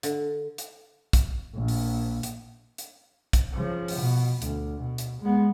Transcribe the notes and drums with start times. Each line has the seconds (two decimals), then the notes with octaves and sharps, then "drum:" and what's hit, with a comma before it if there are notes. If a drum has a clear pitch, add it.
0.03 D3, drum: hi-hat
0.58 drum: hi-hat
1.13 drum: kick, hi-hat
1.56 A#1
1.68 drum: open hi-hat
2.23 drum: hi-hat
2.78 drum: hi-hat
3.33 drum: kick, hi-hat
3.54 C#3 F3
3.88 drum: open hi-hat
3.99 B2
4.42 D2, drum: hi-hat
4.80 B2
4.98 drum: hi-hat
5.21 G#3 B3